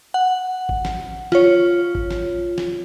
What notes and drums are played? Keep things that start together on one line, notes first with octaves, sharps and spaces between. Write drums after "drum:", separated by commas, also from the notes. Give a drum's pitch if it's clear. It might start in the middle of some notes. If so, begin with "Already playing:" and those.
F#5
drum: kick G#1
drum: snare
F4 C#5, drum: snare
drum: kick G#1
drum: snare
drum: snare